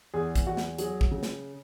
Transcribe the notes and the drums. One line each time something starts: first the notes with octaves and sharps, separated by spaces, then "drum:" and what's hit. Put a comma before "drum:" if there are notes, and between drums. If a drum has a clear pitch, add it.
E2 G#4
drum: kick, hi-hat
E2 F#4
drum: snare
F#3 G#4, drum: hi-hat
drum: kick
C#3
drum: snare